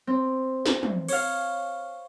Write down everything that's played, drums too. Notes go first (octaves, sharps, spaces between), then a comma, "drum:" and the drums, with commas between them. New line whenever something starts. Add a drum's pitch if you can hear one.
C4
drum: snare
drum: tom
C#5 F5, drum: cymbal